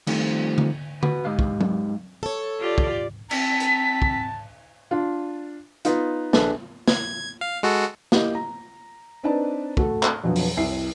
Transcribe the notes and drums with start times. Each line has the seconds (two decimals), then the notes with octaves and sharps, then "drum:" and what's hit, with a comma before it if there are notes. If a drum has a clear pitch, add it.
0.07 D#3 F3 G3 A3 C4 F4, drum: cymbal
0.58 drum: tom D3
1.03 F#4 B4, drum: tom D3
1.25 G#2 G4 D#5 F5
1.39 drum: kick
1.61 drum: tom F#3
2.23 A4 C#5
2.60 F4 G4 D5
2.78 drum: kick
3.31 C4 A5 B6, drum: cymbal
3.60 drum: hi-hat
4.02 drum: kick
4.91 D4 F4
5.85 B3 D#4 F4, drum: hi-hat
6.33 A#1 D4 A4 B4, drum: snare
6.88 G#6, drum: snare
7.41 F5
7.63 G#3 F#4 A4
8.12 A#3 E4 G4 D#5, drum: snare
8.35 A#5
9.23 C4 D4 D#4 B4 D5 A5
9.77 A3 F#4 A4, drum: kick
10.03 drum: clap
10.24 F2 B2 D3 F3 F#3
10.36 drum: open hi-hat
10.57 C2 E4 E5 C7